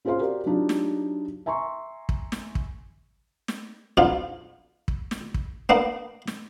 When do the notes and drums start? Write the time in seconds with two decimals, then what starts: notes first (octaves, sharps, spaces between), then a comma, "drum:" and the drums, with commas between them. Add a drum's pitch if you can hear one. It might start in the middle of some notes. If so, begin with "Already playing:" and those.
0.05 C#4 F4 G#4 C5 F5 C6
0.19 F#4 G4 A#4 D5
0.46 F#3 D4 D#4 F4 G4
0.69 drum: snare
1.46 E5 G#5 A#5 C6 C#6
2.09 drum: kick
2.32 drum: snare
2.55 drum: kick
3.48 drum: snare
3.97 B1 F2 D3 F4
4.88 drum: kick
5.11 drum: snare
5.34 drum: kick
5.69 A#3 B3 D4
6.27 drum: snare